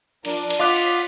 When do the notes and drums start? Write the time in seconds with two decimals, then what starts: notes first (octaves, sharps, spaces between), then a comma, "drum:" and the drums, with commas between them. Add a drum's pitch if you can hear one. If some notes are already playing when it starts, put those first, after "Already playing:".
0.25 F3 D4 A#4, drum: cymbal
0.50 drum: cymbal
0.60 F4 C#5 D#5 F#5 D6 F#6 B6
0.76 drum: cymbal